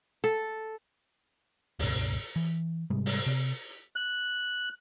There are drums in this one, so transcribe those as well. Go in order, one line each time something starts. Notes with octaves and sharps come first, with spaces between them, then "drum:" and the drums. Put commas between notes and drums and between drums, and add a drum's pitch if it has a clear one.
A4
D#1 C#2 G2 B2, drum: open hi-hat
E3
G#2 C3 G3 G#3
drum: open hi-hat
C3
F#6